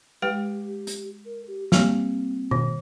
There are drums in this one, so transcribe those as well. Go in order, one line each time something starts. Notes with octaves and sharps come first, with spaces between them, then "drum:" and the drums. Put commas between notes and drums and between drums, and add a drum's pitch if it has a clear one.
G#3 G4 B4 G5
drum: hi-hat
A#4
G4
G3 A#3 C4 G4, drum: snare
D#3, drum: tom B2